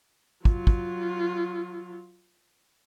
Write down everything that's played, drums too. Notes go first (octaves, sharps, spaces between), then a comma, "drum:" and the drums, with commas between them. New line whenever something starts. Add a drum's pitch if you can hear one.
F#3 F4, drum: kick
drum: kick